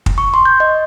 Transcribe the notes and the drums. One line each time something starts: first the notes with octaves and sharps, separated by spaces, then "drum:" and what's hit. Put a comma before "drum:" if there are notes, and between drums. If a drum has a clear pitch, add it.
drum: kick
C#6
C6
G6
D#5